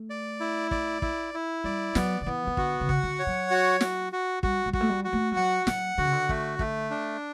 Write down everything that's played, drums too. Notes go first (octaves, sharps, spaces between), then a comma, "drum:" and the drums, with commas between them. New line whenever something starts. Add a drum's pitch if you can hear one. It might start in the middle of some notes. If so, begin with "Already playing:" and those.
Already playing: A3
D5
E4
D5, drum: kick
E4, drum: kick
E4
G3 D5
F#3 B3, drum: snare
D3
E3 B3
E3
D3 F#4, drum: kick
C#3
F#5, drum: kick
D3
C#5
F#3
F#4
F#4, drum: snare
F#4
G3 F#4, drum: kick
G3
F#4, drum: kick
A3
G3
F#4
A3
G3
F#3 F#5
F#3 F#5, drum: snare
D3 F#4
C#3
D3
A3, drum: kick
A3, drum: kick
D4